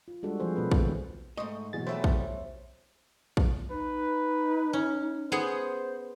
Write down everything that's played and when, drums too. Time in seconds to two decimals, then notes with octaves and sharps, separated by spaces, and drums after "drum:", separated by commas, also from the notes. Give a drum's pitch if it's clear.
0.08 F4
0.23 G3 G#3 D4 F#4 A4
0.40 F3 C4 F4 G#4 C5
0.56 B2 A3 C4 B4
0.71 B2 D#3, drum: kick A#1
1.37 G#2 G#3 A3 C5 D#5 C#6
1.73 B2 E3 F#3 G#4 A6
1.87 E3 G3 A3 C5 C#5 E5
2.04 drum: kick A#1
3.37 drum: kick A#1
3.71 D#4 B4
4.73 C#4
5.32 B3 G#4 C5 F#5